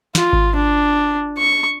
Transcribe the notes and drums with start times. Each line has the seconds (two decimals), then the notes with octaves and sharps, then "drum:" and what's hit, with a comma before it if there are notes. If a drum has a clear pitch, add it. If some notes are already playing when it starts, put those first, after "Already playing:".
0.15 F4, drum: snare
0.33 drum: kick G#1
0.55 D4
1.38 C#6